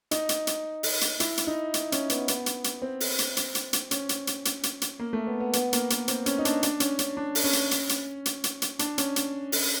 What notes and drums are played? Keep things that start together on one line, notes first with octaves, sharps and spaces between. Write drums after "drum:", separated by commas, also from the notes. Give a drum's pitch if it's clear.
D#4, drum: hi-hat
drum: hi-hat
drum: hi-hat
drum: open hi-hat
drum: hi-hat
E4, drum: hi-hat
drum: hi-hat
D#4
drum: hi-hat
C#4, drum: hi-hat
B3, drum: hi-hat
B3, drum: hi-hat
drum: hi-hat
drum: hi-hat
C4
drum: open hi-hat
drum: hi-hat
drum: hi-hat
drum: hi-hat
drum: hi-hat
C#4, drum: hi-hat
drum: hi-hat
drum: hi-hat
drum: hi-hat
drum: hi-hat
drum: hi-hat
A#3
A3
B3
B3
B3, drum: hi-hat
A#3, drum: hi-hat
B3, drum: hi-hat
C4, drum: hi-hat
C#4, drum: hi-hat
D#4
D4, drum: hi-hat
D4, drum: hi-hat
C#4, drum: hi-hat
C#4, drum: hi-hat
D4
drum: open hi-hat
C#4
drum: hi-hat
drum: hi-hat
drum: hi-hat
drum: hi-hat
drum: hi-hat
drum: hi-hat
D4, drum: hi-hat
C#4, drum: hi-hat
drum: hi-hat
drum: open hi-hat